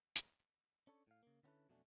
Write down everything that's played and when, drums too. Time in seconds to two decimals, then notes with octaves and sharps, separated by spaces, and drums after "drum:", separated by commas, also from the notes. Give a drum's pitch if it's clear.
0.16 drum: hi-hat
0.87 C#4 D4 A4 C#5
1.07 A2 F5
1.23 C#3 A#3
1.43 D3 B3 C#4 E4 A4 B4
1.69 F2 B2 F#3 A3 C#4 D4